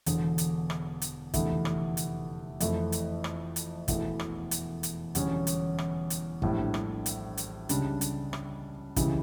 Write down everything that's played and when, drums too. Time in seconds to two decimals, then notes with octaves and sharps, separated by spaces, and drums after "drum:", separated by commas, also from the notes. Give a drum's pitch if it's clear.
0.06 E1 E2 D3, drum: hi-hat
0.38 drum: hi-hat
0.70 drum: rim click
1.02 drum: hi-hat
1.34 F1 E2 D3 A3 E4, drum: kick, hi-hat
1.65 drum: rim click
1.97 drum: hi-hat
2.60 F2 E3 A3 E4, drum: hi-hat
2.92 drum: hi-hat
3.24 drum: rim click
3.56 drum: hi-hat
3.88 E1 E2 E3 A3, drum: kick, hi-hat
4.20 drum: rim click
4.51 drum: hi-hat
4.83 drum: hi-hat
5.15 E1 E2 D3 G3 C#4, drum: hi-hat
5.47 drum: hi-hat
5.78 drum: rim click
6.10 drum: hi-hat
6.42 A#1 A2 G3 D4, drum: kick
6.74 drum: rim click
7.06 drum: hi-hat
7.37 drum: hi-hat
7.69 C#2 C#3 G3 D4, drum: hi-hat
8.01 drum: hi-hat
8.33 drum: rim click
8.96 C#2 C#3 E3 G3, drum: kick, hi-hat